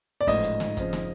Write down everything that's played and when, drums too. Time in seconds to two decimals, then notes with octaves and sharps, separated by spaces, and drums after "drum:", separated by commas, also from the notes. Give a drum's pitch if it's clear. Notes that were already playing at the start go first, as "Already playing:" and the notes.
0.21 D5
0.27 A1 G#2 F3 A3 D#5, drum: kick, open hi-hat
0.44 drum: hi-hat
0.60 drum: snare
0.77 F2 C#3 F3, drum: kick, hi-hat
0.93 drum: snare